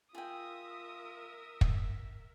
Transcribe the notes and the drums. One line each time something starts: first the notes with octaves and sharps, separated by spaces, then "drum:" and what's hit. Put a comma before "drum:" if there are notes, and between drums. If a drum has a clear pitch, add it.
F4 G#4 A#4 E5 G5 D#6
drum: kick